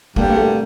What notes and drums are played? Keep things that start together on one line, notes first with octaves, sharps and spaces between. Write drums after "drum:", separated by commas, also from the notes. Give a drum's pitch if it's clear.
G2 D3 G3 A#3, drum: kick G1
A#3
A3